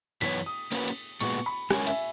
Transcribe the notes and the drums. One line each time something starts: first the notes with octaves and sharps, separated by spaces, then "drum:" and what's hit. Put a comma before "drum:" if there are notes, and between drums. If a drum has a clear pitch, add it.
F#2 E3 B3 F#4 C#5 B6, drum: cymbal
D#6
A#3 C#4 F#4 B4, drum: cymbal
drum: cymbal
A#2 G#3 B3 F#4 C#6, drum: cymbal
B5
G#3 C#4 E4 A#4 C#5 G#5, drum: rim click
E5, drum: cymbal